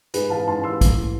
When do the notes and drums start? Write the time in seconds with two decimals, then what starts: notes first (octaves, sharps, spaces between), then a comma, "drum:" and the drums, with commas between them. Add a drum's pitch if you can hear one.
0.14 G#2 G#4 B4, drum: hi-hat
0.30 E3 F5 A5
0.47 G#2 A5 C6
0.63 E3 C6 E6
0.81 A2, drum: kick, hi-hat
0.97 E3